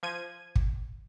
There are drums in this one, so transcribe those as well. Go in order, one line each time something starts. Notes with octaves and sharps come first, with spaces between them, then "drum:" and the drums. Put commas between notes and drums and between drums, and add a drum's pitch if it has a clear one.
F3 G#6 D#7
drum: kick